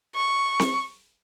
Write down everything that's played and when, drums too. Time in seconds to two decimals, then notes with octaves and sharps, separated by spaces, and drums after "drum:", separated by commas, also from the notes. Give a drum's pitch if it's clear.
0.16 C#6
0.59 drum: snare C4